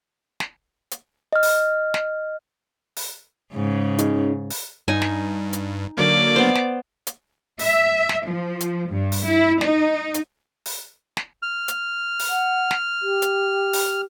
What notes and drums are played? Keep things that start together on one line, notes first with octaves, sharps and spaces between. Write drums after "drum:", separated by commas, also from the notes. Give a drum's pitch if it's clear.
drum: snare
drum: hi-hat
D#5 F6
drum: open hi-hat
drum: snare
drum: open hi-hat
G#2 C#3
C#4 D#4 G#4, drum: hi-hat
drum: open hi-hat
G2 D#4 G#5
drum: snare
drum: hi-hat
D3 F#3 A#3 D5
B3 C5
drum: snare
drum: hi-hat
E5, drum: open hi-hat
drum: snare
F3
drum: hi-hat
G2
drum: open hi-hat
E4
D#4, drum: snare
drum: hi-hat
drum: open hi-hat
drum: snare
F6
drum: hi-hat
drum: open hi-hat
F#5
drum: snare
G4
drum: hi-hat
drum: open hi-hat